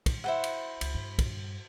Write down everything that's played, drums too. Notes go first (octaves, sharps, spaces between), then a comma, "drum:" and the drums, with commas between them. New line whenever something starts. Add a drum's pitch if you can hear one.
drum: kick, cymbal
E4 C5 F#5
drum: cymbal
C#2, drum: cymbal
G2
drum: kick, cymbal